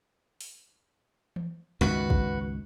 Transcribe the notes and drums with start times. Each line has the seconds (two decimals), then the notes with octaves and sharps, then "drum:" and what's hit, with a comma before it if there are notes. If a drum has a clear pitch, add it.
0.41 drum: open hi-hat
1.36 drum: tom E3
1.81 C#2 G2 D#3 F#4 B4
2.10 drum: kick